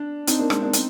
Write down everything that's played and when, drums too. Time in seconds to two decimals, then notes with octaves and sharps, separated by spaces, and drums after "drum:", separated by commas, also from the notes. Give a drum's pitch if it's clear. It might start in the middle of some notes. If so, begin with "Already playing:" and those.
Already playing: D4
0.27 C4 D#4, drum: hi-hat
0.39 A#3 D4
0.50 G#3 C4, drum: rim click
0.62 A#3 D4
0.73 C4 D#4, drum: hi-hat